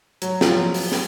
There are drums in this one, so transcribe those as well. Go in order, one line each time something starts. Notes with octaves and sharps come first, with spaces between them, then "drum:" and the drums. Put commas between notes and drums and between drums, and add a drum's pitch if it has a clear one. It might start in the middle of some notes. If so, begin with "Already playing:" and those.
F#3, drum: hi-hat
F3, drum: snare
F#3
drum: open hi-hat
drum: snare